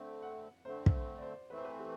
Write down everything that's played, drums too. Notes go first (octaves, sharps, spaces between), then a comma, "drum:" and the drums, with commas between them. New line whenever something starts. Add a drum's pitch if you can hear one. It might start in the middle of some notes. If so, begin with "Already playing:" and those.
Already playing: D3 A3 C4
F#5
D3 A3 C4 C5
drum: kick
D5
C5
E3 A3 C4 B4
C5
B4
G4